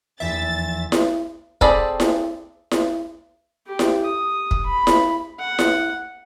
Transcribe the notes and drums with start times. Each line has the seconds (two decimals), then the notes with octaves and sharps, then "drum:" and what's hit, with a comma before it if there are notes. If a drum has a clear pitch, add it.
0.20 F1 E2 A#3 E5 A6
0.92 drum: snare E4
1.61 C4 G#4 A4 D5 B5, drum: kick
2.00 drum: snare E4
2.71 drum: snare E4
3.66 G4
3.79 drum: snare E4
4.05 D#6
4.51 drum: kick
4.66 B5
4.87 drum: snare E4
5.39 F#5
5.59 drum: snare E4